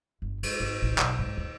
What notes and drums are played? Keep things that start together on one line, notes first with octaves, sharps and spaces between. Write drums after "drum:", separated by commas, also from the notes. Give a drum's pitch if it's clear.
G1
G#3, drum: cymbal
G#1
A1
B1, drum: clap
G#2
D#2